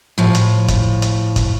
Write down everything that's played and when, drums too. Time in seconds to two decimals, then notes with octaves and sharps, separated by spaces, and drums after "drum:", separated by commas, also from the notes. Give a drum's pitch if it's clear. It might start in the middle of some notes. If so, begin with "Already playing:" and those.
0.18 A2 F3
0.35 drum: hi-hat
0.68 drum: kick, hi-hat
1.02 drum: hi-hat
1.36 drum: kick, hi-hat